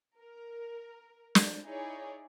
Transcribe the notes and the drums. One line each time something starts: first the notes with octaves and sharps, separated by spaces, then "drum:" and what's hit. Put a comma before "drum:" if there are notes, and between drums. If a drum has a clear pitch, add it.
A#4
drum: snare
D#4 E4 G#4 C#5 D5